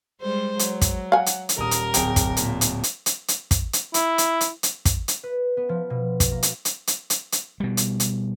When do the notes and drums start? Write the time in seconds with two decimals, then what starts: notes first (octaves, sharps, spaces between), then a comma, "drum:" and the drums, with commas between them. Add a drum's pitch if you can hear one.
0.22 G3 G#3 C5
0.59 F#3, drum: hi-hat
0.81 drum: kick, hi-hat
1.12 F5 F#5 G#5
1.26 drum: hi-hat
1.49 drum: hi-hat
1.58 D#1 A#4 D#6
1.71 drum: hi-hat
1.94 D1 G#4 G5, drum: hi-hat
2.16 drum: kick, hi-hat
2.37 A#2, drum: hi-hat
2.61 drum: hi-hat
2.83 drum: hi-hat
3.06 drum: hi-hat
3.28 drum: hi-hat
3.51 drum: kick, hi-hat
3.73 drum: hi-hat
3.94 E4, drum: hi-hat
4.18 drum: hi-hat
4.41 drum: hi-hat
4.63 drum: hi-hat
4.85 drum: kick, hi-hat
5.08 drum: hi-hat
5.23 B4
5.57 B3
5.69 F3
5.90 B2
6.20 drum: kick, hi-hat
6.31 A#3
6.43 drum: hi-hat
6.65 drum: hi-hat
6.87 drum: hi-hat
7.10 drum: hi-hat
7.32 drum: hi-hat
7.60 B2 G3
7.77 drum: hi-hat
8.00 drum: hi-hat